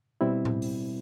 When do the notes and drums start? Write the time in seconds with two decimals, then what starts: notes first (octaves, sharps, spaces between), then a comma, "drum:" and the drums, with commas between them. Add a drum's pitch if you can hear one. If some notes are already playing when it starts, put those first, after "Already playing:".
0.21 B2 G3 C4 E4
0.45 drum: tom A2
0.62 drum: open hi-hat